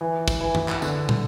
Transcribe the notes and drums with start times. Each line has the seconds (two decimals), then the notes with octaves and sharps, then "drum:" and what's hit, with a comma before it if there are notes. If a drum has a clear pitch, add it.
0.01 E3
0.28 drum: kick, tambourine
0.41 E3
0.55 drum: tom F#2
0.68 drum: clap
0.82 D3, drum: tambourine
1.09 drum: tom